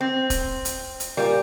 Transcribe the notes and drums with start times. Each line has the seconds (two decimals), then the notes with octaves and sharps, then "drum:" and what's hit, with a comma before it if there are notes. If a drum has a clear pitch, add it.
0.01 C4
0.30 drum: kick, hi-hat
0.65 drum: hi-hat
1.00 drum: hi-hat
1.17 A#2 G3